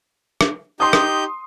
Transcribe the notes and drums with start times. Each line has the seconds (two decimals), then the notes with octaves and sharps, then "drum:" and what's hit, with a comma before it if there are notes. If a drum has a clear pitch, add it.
0.41 drum: rim click
0.80 D#4 G4 C6 D#6 G6
0.93 drum: rim click